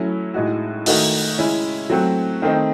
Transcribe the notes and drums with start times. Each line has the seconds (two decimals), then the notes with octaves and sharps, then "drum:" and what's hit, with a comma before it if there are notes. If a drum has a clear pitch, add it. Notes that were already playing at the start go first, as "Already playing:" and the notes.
Already playing: F#3 A3 C#4 E4
0.34 A2 G#3 D#4 F#4
0.86 D#3 A3 D#4 F#4, drum: open hi-hat
1.38 C#3 G#3 C#4 E4
1.90 F#3 A3 C4 F#4
2.42 D#3 A3 C4 D#4